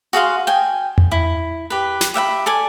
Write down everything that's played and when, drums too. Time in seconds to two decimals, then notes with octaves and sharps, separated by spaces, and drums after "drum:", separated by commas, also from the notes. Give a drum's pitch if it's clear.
0.13 F#4 G#4 F5 C6
0.47 G5 G#5
0.98 drum: tom E2
1.11 E4
1.70 G4 B4
2.01 drum: snare
2.14 G4 E5 F#5 B5
2.46 A4 D5 G#5